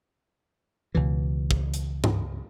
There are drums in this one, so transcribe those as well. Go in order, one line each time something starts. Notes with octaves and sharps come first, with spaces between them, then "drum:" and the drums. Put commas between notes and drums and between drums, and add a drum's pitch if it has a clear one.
C#2 B2 E3
drum: kick
drum: hi-hat
drum: tom G2